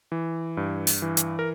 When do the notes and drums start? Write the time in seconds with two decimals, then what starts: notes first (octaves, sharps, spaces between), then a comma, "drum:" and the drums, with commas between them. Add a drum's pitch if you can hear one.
0.12 E3
0.57 G2
0.87 drum: open hi-hat
1.02 E3
1.17 drum: hi-hat
1.39 A#4